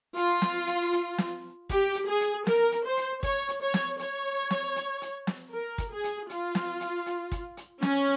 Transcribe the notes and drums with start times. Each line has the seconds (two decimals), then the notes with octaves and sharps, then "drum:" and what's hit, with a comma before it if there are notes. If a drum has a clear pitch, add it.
0.16 F4, drum: hi-hat
0.42 drum: snare
0.67 drum: hi-hat
0.93 drum: hi-hat
1.18 drum: snare
1.69 G4, drum: kick, hi-hat
1.95 drum: hi-hat
2.08 G#4
2.21 drum: hi-hat
2.47 A#4, drum: snare
2.72 drum: hi-hat
2.84 C5
2.97 drum: hi-hat
3.23 C#5, drum: kick, hi-hat
3.48 drum: hi-hat
3.61 C#5
3.74 drum: snare
3.99 C#5, drum: hi-hat
4.50 drum: snare
4.76 drum: hi-hat
5.02 drum: hi-hat
5.27 drum: snare
5.53 A#4
5.78 drum: kick, hi-hat
5.91 G#4
6.04 drum: hi-hat
6.30 F4, drum: hi-hat
6.55 drum: snare
6.80 drum: hi-hat
7.06 drum: hi-hat
7.32 drum: kick, hi-hat
7.57 drum: hi-hat
7.82 C#4, drum: snare